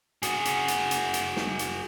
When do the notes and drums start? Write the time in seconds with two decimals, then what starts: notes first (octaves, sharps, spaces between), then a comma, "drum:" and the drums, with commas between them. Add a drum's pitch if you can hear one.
0.23 F#4 G#4, drum: hi-hat
0.45 drum: hi-hat
0.68 drum: hi-hat
0.91 drum: hi-hat
1.14 drum: hi-hat
1.36 drum: snare
1.59 drum: hi-hat